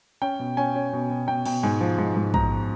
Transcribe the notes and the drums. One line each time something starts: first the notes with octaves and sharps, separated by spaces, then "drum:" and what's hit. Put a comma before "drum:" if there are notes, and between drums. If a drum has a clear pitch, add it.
C#4 G5
B2
C#4 G#5
C#4
B2
B2
B2 G5
B2 G5, drum: cymbal
G#2 G#5
F3
G#2
G#2
G#2 A#5, drum: kick